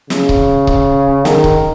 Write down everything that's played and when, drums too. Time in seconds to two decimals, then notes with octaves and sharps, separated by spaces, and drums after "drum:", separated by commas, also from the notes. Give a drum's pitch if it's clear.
0.10 C#3, drum: snare
0.29 drum: kick C#1
0.67 drum: kick C#1
1.25 D#3, drum: snare
1.44 drum: kick C#1